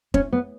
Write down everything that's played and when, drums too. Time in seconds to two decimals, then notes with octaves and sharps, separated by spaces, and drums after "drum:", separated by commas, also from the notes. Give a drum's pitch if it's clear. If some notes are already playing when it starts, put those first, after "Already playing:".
0.14 C#4, drum: kick E1
0.33 B3